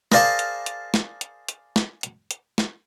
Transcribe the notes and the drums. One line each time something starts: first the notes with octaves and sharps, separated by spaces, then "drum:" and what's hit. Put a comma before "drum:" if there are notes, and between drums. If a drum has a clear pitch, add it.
G#4 A#4 C5 D5 F5 A5, drum: snare
drum: hi-hat
drum: hi-hat
drum: snare
drum: hi-hat
drum: hi-hat
drum: snare
drum: hi-hat
drum: hi-hat
drum: snare